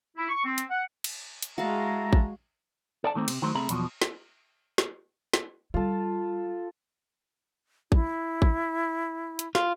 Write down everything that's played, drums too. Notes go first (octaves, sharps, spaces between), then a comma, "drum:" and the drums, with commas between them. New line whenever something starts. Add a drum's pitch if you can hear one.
E4
C#6
C4
drum: hi-hat
F#5
drum: cymbal
drum: hi-hat
G#3 E4 F#4 F5 A5 A#5
drum: kick A1
A4 D5 A5
D#3 A3 A#3 C4
C3, drum: cymbal
D#3 F#3 A3 C5
C2 A3 C4 G#4 A#5 B5
B1 E2 B2 F3, drum: hi-hat
drum: snare
drum: snare
drum: snare
G3 F4 A4
E4, drum: kick A1
drum: kick A1
drum: hi-hat
F4, drum: snare